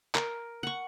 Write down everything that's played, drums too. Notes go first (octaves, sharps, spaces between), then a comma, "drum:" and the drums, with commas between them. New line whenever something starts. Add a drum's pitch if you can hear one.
A#4, drum: clap
F#5 C#6